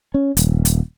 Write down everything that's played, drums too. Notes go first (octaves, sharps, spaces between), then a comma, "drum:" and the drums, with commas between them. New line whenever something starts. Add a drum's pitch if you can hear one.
C#4
D#1, drum: hi-hat
drum: hi-hat